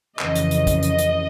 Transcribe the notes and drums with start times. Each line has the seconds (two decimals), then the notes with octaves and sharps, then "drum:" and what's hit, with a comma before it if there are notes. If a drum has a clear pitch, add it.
0.19 F2 C#3 E3 D#5, drum: clap
0.35 drum: hi-hat
0.51 drum: hi-hat
0.67 drum: kick, hi-hat
0.83 D#5, drum: hi-hat
0.98 drum: hi-hat